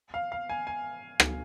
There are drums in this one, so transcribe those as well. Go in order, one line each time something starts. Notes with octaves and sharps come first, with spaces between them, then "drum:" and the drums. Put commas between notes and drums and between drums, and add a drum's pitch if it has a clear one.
F5
F5
G#5
G#5
drum: rim click